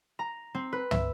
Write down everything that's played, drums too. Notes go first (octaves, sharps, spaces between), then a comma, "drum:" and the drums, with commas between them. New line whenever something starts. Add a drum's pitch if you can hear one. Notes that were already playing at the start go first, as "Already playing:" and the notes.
A#5
C4
B4
E5, drum: tom